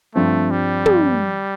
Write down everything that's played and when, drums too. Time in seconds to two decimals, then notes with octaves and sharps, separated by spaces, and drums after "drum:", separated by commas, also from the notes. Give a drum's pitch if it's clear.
0.15 G2 F3 A3 C4
0.51 G3
0.86 drum: tom